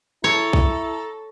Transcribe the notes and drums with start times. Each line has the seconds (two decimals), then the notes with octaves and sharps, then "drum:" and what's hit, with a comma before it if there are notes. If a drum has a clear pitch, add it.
0.24 E4 A4 C#5 A#5
0.53 drum: kick B1